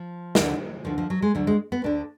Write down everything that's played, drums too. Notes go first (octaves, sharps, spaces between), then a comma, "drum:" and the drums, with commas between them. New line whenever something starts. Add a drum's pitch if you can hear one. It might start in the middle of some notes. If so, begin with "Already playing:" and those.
Already playing: F3
D2 D3, drum: snare
D2 D3 F3
F3
F#3
G#3
D2 D3 F#3
G#3
B3
D2 D3 D4